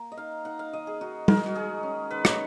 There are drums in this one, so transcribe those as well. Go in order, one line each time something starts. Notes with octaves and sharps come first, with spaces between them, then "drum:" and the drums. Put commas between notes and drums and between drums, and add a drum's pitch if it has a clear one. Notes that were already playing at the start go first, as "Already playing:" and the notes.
Already playing: A#3 A#5
D#5
D#4 F5
D#4 F#5
F5
D#3 D#5
G#4
D#4 F#4
G#3 A#4, drum: tom G3
G#4
F#4
D#3 G#4
C#4
D#3 B4
C#5, drum: rim click